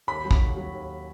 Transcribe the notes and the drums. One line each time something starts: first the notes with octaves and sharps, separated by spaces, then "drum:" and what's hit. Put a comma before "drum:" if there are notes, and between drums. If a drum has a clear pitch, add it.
D#2 B5
F#3
B5, drum: kick
D#2
F#3
D#2